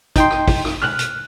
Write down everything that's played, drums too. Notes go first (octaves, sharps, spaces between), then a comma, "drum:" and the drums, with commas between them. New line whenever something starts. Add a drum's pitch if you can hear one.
D#4 G5 C6, drum: kick, hi-hat
drum: rim click
drum: kick, open hi-hat
drum: rim click
F6 F#6, drum: tom
drum: hi-hat